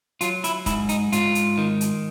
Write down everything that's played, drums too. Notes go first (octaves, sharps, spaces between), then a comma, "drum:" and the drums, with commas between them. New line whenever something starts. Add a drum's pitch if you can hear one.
F#3 F4, drum: hi-hat
E4, drum: hi-hat
G#2 E4, drum: kick D#1, hi-hat
D#4, drum: hi-hat
G#2 F4, drum: hi-hat
drum: hi-hat
D#3
drum: hi-hat